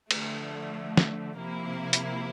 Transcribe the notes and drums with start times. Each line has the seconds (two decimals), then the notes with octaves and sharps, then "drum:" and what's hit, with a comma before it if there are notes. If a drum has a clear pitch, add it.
0.11 D3 F3 A3, drum: cymbal
0.97 drum: snare
1.39 C3 F3 A#3 E4
1.93 drum: hi-hat